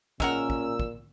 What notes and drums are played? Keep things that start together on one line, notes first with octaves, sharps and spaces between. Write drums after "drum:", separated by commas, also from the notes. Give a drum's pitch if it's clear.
A#2 G#3 C#4 A#4 F#5 E6, drum: kick
drum: kick
drum: kick